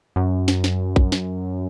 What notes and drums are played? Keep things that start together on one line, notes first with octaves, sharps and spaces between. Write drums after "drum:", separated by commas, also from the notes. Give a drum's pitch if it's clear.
F#2
drum: snare
drum: snare
drum: kick A#1
drum: snare